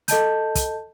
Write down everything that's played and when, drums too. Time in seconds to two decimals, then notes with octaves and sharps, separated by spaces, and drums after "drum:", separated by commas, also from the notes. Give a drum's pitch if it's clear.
0.08 A4 D#5 A5 G6, drum: hi-hat
0.55 drum: kick, hi-hat